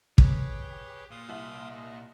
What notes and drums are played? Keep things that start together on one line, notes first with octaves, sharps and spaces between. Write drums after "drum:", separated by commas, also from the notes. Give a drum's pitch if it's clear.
G4 G#4 B4 C#5, drum: kick
A#2 F5 C6 D#6
C2 E5 F#7
D#5